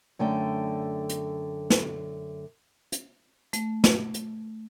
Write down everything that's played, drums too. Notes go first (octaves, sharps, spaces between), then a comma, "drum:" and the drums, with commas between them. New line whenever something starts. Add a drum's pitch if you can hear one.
F#2 D3 A3 G5
drum: hi-hat
drum: snare
drum: hi-hat
A3, drum: hi-hat
drum: snare
drum: hi-hat